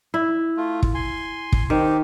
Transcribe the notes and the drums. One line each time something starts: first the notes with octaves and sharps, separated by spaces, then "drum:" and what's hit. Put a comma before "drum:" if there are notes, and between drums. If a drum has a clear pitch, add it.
E4
A3 F4
drum: kick
G#5 C6
drum: kick
D#3 C4 G4